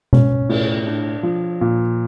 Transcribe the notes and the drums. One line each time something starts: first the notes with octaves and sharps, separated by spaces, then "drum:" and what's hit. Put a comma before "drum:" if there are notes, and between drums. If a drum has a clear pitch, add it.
C#4, drum: tom B2
A2, drum: cymbal
D4
F3
A#2